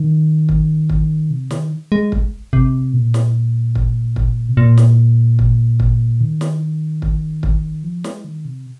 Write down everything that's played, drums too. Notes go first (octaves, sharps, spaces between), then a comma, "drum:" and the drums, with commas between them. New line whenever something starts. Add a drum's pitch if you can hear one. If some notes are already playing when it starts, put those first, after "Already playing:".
Already playing: D#3
drum: kick
drum: kick
C3
D#3, drum: snare
G#3
drum: kick
C3, drum: kick
A#2
drum: snare
drum: kick
drum: kick
C3
A#2
drum: snare
drum: kick
drum: kick
D#3
drum: snare
drum: kick
drum: kick
F3
G#3, drum: snare
D#3
C3